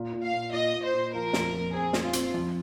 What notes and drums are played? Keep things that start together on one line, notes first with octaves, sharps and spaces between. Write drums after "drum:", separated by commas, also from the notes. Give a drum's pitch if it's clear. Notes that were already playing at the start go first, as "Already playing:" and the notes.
Already playing: A#2
A#2
F5
A#2
A#2 D#5
A#2
C5
A#2
F3 A#4
F2, drum: snare
F2
C4 G#4
F2, drum: snare
F4
C4, drum: hi-hat
F2